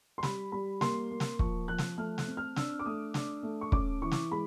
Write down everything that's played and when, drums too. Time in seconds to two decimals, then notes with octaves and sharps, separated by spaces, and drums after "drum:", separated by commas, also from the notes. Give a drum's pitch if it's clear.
0.18 C6
0.23 G3 B5, drum: snare
0.52 G3 B5
0.81 A#3 C6, drum: snare
1.11 A#3
1.20 drum: snare
1.39 F3 C#6, drum: kick
1.68 F3 F#6
1.78 drum: snare
1.97 A3 F6
2.18 F#6, drum: snare
2.27 C4
2.37 F6
2.56 D4 E6, drum: snare
2.79 D6
2.86 A3 D#6
3.14 D4, drum: snare
3.43 A3
3.61 C#6
3.72 C#4 D6, drum: kick
4.02 E3 C#6
4.11 drum: snare
4.32 G#3 B5